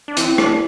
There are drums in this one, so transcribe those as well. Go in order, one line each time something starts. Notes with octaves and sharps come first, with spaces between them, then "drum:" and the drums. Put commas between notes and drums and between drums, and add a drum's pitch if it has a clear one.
D4
E3 C4, drum: hi-hat
D4, drum: rim click